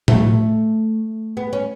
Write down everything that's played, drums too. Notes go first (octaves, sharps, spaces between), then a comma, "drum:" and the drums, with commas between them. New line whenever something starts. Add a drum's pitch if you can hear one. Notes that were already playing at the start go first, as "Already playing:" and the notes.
A3, drum: tom A2
B3
C#4